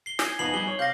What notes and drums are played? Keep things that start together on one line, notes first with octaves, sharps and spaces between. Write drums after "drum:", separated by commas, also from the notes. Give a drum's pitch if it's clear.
C7 G7
G#5, drum: snare
F2 B3 D#4 C7 F#7
G3 D#4 G7
C#5
C3 F5 G6 A#6